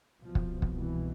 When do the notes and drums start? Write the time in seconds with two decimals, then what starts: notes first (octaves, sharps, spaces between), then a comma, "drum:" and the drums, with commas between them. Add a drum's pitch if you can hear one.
0.22 C2 B2 F3
0.35 drum: kick
0.62 drum: kick
0.76 E3